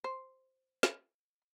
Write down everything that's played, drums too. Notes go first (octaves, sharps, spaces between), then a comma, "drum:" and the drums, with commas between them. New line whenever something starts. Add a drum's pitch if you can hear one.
C5
drum: snare